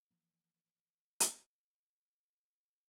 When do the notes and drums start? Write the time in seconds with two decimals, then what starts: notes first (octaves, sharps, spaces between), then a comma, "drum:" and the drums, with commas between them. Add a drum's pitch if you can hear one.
0.11 E3 F3 A#3
1.20 drum: hi-hat